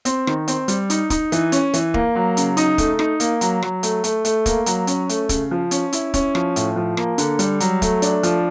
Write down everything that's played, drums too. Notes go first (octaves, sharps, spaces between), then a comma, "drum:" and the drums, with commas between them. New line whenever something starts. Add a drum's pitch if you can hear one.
C4, drum: hi-hat
D#3, drum: rim click
C4, drum: hi-hat
G3, drum: hi-hat
D#4, drum: hi-hat
D#4, drum: kick, hi-hat
E3, drum: hi-hat
C#4, drum: hi-hat
E3, drum: hi-hat
A#3, drum: kick
F#3
C#3, drum: hi-hat
D#4, drum: hi-hat
A3, drum: kick, hi-hat
D#4, drum: rim click
A#3, drum: hi-hat
F#3, drum: hi-hat
F#3, drum: rim click
A3, drum: hi-hat
A3, drum: hi-hat
A3, drum: hi-hat
A#3, drum: kick, hi-hat
F#3, drum: hi-hat
C#4, drum: hi-hat
A3, drum: hi-hat
C#3, drum: kick, hi-hat
F3
C#4, drum: hi-hat
E4, drum: hi-hat
C#4, drum: kick, hi-hat
F3, drum: rim click
A2, drum: hi-hat
F3
A#3, drum: rim click
D3, drum: hi-hat
G3, drum: hi-hat
F#3, drum: hi-hat
A3, drum: kick, hi-hat
D4, drum: hi-hat
F3, drum: hi-hat